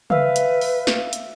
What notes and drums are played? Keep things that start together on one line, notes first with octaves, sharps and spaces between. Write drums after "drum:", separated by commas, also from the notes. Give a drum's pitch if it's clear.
B4 E5 F5, drum: tom C#3
drum: hi-hat
drum: open hi-hat
drum: snare
drum: hi-hat